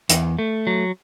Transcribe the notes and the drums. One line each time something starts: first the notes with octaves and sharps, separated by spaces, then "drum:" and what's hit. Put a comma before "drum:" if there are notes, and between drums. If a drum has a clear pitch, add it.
E2, drum: hi-hat
A3
F#3